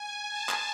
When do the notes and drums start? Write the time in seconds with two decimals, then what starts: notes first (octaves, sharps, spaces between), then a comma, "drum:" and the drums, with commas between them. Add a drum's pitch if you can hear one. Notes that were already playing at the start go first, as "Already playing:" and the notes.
Already playing: G#5
0.28 A5
0.49 drum: clap